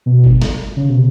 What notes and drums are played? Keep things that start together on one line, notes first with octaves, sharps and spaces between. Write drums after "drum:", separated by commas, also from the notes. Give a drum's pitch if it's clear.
B2
drum: kick G1
drum: snare
C#3
B2